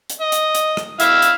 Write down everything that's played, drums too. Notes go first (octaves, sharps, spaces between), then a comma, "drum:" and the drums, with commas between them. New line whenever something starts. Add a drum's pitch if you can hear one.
drum: hi-hat
D#5
drum: hi-hat
drum: hi-hat
drum: rim click
E4 E5 F5, drum: hi-hat
drum: hi-hat